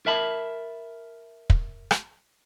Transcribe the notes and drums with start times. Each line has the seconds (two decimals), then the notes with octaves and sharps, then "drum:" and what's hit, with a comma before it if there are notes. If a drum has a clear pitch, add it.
0.06 A#4 E5 A5 B5
1.50 drum: kick
1.91 drum: rim click